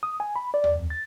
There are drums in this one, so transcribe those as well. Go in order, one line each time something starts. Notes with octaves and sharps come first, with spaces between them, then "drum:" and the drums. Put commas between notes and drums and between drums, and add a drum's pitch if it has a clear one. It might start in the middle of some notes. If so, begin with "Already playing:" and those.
D#6
G#5
B5
D5
drum: tom D#2
F2
A6